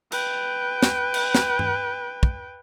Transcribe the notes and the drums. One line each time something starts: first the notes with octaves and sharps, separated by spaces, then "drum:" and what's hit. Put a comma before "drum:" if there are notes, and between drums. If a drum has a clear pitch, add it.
B4 G5, drum: cymbal
drum: snare
drum: cymbal
drum: snare
drum: tom G2
drum: kick